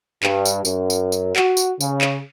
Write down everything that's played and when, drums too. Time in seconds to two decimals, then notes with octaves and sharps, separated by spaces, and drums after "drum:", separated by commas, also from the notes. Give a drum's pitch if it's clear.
0.23 G2, drum: clap
0.45 drum: tambourine
0.65 F#2, drum: tambourine
0.90 drum: tambourine
1.12 drum: tambourine
1.36 F#4, drum: clap
1.57 drum: tambourine
1.81 C#3, drum: tambourine
2.01 drum: clap